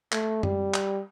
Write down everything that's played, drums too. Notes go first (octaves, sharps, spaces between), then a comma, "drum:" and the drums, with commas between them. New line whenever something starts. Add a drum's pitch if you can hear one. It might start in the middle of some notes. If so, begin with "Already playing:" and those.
A3, drum: clap
G3, drum: tom F#2
drum: clap